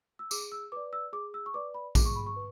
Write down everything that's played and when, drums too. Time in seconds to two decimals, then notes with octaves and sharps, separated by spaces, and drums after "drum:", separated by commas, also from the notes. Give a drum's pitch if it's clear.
0.19 E6
0.31 G#4 D6, drum: tambourine
0.52 E6
0.72 B4 D5 D6
0.93 E6
1.13 G#4 D6
1.34 E6
1.46 C#6
1.54 B4 D5 D6
1.74 B5
1.95 G#4 D6, drum: kick A#1, tambourine
2.06 C#6
2.16 B5
2.26 C#6
2.36 B4